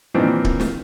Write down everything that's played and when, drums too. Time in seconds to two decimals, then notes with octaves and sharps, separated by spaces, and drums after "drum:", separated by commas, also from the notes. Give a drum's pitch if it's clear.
0.14 A#2 D#3 E3 A#3 C4 D4
0.45 drum: kick D1
0.60 drum: snare